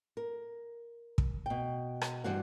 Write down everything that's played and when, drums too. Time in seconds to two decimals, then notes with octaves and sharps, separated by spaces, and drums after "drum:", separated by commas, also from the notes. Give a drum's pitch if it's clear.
0.17 A#4
1.18 drum: kick
1.46 B2 G5
2.01 drum: rim click
2.24 G2 E3 F#4 C5 F#5